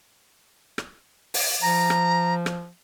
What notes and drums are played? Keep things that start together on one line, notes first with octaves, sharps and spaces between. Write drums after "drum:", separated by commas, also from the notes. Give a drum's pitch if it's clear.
drum: rim click
drum: open hi-hat
F3 A#5
drum: rim click
drum: rim click